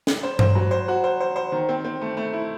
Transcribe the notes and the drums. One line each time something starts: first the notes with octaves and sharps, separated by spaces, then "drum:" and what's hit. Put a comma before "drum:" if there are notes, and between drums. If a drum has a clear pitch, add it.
drum: snare
C5
C5, drum: tom G2
F#3
C5
F#4
C5
C5
C5
D#3
C4
C4
A3
A3
E4